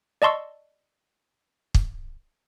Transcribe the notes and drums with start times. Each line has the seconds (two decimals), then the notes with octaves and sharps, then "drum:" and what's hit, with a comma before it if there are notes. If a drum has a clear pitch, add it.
0.22 D5 D#5 A5 C6 C#6 E6
1.74 drum: kick